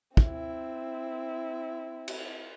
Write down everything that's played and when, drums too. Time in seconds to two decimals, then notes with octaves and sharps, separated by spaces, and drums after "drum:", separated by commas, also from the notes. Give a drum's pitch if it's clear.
0.17 C4 E4, drum: kick
2.08 drum: cymbal